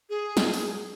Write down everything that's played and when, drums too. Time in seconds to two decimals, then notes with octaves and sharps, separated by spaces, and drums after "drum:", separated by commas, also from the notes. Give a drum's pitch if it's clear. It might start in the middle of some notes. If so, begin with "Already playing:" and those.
0.10 G#4
0.37 drum: snare
0.54 drum: open hi-hat